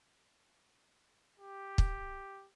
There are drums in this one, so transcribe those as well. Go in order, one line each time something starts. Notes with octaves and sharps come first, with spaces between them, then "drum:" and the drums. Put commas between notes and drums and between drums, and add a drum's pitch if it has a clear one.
G4
drum: kick